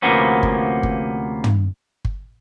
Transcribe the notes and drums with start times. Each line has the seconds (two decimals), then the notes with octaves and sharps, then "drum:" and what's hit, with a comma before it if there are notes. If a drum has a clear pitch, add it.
0.02 D2 C3 F3 A#3 B3 C#4
0.43 drum: kick G1
0.83 drum: kick G1
1.44 drum: tom
2.05 drum: kick G1